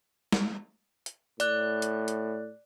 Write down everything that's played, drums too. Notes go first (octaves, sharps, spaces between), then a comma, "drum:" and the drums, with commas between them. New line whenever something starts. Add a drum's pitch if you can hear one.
drum: snare
drum: hi-hat
A2 D5 F#6, drum: hi-hat
drum: hi-hat
drum: hi-hat